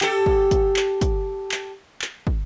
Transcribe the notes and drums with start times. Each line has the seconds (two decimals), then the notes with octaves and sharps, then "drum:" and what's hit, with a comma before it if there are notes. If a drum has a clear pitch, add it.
0.01 G4 A4, drum: clap
0.26 drum: kick
0.51 drum: kick, hi-hat
0.76 drum: clap
1.01 drum: kick, hi-hat
1.52 drum: clap
2.02 drum: clap
2.27 drum: kick